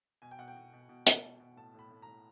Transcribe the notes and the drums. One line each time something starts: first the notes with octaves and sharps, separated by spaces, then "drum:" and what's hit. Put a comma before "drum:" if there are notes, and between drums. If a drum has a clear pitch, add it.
B2 G#5
G5
B2 F#5
G5
B2
B2
B2
B2, drum: hi-hat
B2
B2
A2 A5
A2 B5
A2
A2 A#5